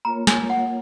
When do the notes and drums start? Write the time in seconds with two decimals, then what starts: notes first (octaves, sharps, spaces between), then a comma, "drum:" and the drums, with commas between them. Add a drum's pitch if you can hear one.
0.05 A#3 F4 A#4 C#5 A#5
0.27 G#5, drum: snare
0.50 F#5